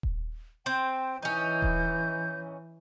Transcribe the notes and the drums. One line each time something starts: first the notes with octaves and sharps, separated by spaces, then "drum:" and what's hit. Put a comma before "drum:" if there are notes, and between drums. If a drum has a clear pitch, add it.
drum: kick D#1
C4 C5 G5
E3 C#4 D#4 G6
drum: kick D#1